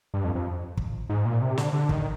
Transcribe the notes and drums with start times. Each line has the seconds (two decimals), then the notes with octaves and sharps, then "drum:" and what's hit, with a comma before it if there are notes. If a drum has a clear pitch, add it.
0.14 G2
0.25 F2
0.35 F2
0.78 drum: kick
1.09 G#2
1.25 A#2
1.41 C3
1.58 D3, drum: snare
1.73 D3
1.89 D#3, drum: kick